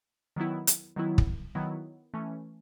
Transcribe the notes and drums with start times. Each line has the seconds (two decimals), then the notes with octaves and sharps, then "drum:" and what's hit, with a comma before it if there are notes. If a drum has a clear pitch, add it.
0.36 D#3 F#3 B3 E4
0.67 drum: hi-hat
0.96 D#3 F#3 B3 E4
1.18 drum: kick
1.55 D#3 F#3 B3 E4
2.14 E3 A3 C#4